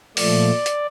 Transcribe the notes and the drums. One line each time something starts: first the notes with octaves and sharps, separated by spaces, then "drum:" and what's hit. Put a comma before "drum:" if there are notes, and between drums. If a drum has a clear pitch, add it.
A#2 F3 A3 D5, drum: open hi-hat
drum: hi-hat